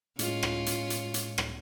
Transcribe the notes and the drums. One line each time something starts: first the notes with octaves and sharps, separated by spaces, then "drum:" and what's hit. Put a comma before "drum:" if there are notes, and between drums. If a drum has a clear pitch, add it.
A2 G#3 C#4 F4, drum: hi-hat
drum: rim click
drum: hi-hat
drum: hi-hat
drum: hi-hat
drum: rim click